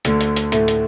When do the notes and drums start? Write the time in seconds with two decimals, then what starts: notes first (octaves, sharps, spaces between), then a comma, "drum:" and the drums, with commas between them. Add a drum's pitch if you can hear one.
0.05 D2 D3, drum: hi-hat
0.21 drum: hi-hat
0.36 drum: hi-hat
0.52 A2 A3, drum: hi-hat
0.68 drum: hi-hat